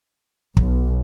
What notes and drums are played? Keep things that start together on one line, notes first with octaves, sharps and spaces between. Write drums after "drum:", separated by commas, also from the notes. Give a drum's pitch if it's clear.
B1, drum: kick